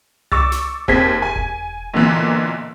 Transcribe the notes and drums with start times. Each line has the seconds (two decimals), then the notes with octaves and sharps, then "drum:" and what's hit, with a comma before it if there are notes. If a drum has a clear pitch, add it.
0.32 C#6 D6 E6 A6, drum: tom C2
0.52 drum: snare
0.88 D#2 C4 G#4 C5 G#6 B6, drum: kick E1
1.22 G#5
1.36 drum: kick E1
1.94 B1 A#2 D3 E3 A#3